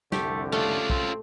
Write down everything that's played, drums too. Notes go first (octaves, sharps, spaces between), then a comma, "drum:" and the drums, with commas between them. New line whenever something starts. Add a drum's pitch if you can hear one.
C2 F2 D3 A3 G4, drum: snare
A3 C#4 D4 F4
C4, drum: kick